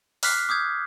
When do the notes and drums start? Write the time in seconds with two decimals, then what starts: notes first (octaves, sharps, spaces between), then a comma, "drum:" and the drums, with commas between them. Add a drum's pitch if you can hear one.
0.23 D6 F6 F#6 B6 C7, drum: open hi-hat
0.49 D6 D#6 G6 G#6